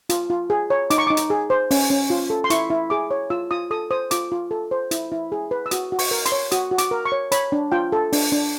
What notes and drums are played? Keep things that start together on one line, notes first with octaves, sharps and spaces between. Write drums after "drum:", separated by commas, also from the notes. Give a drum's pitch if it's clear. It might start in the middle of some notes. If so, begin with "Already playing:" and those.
F4, drum: hi-hat
F4
G#4
C#5
D#4 D6, drum: hi-hat
C#6
D#4 D6
drum: hi-hat
G#4
C5
C#4, drum: open hi-hat
C#4
F4
A4
C6
E4 C#6, drum: hi-hat
E4
G#4 D6
C#5
F4 E6
F4 D#6
A4 D#6
C5 D#6
F4 D6, drum: hi-hat
F4
A4
C5
E4, drum: hi-hat
E4
G#4
B4
E6
F#4 D#6, drum: hi-hat
F#4
C#6, drum: open hi-hat
A#4
C6, drum: hi-hat
C#5
F#4 D#6, drum: hi-hat
F#4
D6, drum: hi-hat
A#4
C#6
C#5
C#5 B5, drum: hi-hat
D4
F4 G5
A4
D4, drum: open hi-hat
D4